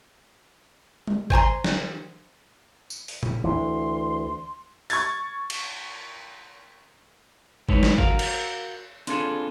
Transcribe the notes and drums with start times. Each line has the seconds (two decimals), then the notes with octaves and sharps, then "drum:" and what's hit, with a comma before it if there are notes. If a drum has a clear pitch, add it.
1.07 drum: tom G3
1.30 C5 G#5 A#5 C6, drum: kick G1
1.64 drum: snare
2.90 drum: tambourine
3.08 drum: open hi-hat
3.23 drum: tom
3.44 D2 E3 C6
4.90 C#6 G#6 A6, drum: open hi-hat
5.50 drum: cymbal
7.69 A2 G#3 D#4 A4 B4 C#5, drum: kick G1
7.83 drum: snare
7.98 F#4 A#4 F5, drum: kick G1
8.19 drum: cymbal
9.07 C4 D4 F4 G#4 A4, drum: hi-hat